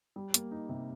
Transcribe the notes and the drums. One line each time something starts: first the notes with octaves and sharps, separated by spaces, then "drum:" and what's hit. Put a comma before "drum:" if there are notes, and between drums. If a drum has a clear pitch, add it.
G3
A#3, drum: hi-hat
D#4
C3